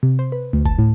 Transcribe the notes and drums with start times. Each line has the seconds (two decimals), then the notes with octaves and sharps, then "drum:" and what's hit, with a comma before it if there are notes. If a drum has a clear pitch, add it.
0.03 C3
0.19 C5
0.32 B4
0.53 D2
0.66 A5, drum: kick F#1
0.78 A2